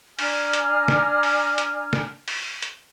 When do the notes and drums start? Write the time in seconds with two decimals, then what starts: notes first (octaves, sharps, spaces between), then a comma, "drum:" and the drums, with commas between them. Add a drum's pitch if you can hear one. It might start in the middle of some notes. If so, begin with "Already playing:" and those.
0.19 D4 G#5 A#5 F6, drum: open hi-hat
0.53 drum: hi-hat
0.88 drum: snare
1.23 drum: open hi-hat
1.58 drum: hi-hat
1.93 drum: snare
2.28 drum: open hi-hat
2.62 drum: hi-hat